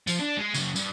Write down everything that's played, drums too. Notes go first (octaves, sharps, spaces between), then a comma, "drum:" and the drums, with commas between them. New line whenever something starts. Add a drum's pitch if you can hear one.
F3, drum: tambourine
D4
G#3
F#2 C#3, drum: tambourine
G2, drum: tambourine